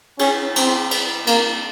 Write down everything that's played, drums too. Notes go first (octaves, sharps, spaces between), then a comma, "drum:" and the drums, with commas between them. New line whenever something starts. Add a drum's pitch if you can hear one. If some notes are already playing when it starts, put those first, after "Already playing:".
C#4, drum: cymbal
C4, drum: cymbal
drum: cymbal
A#3, drum: cymbal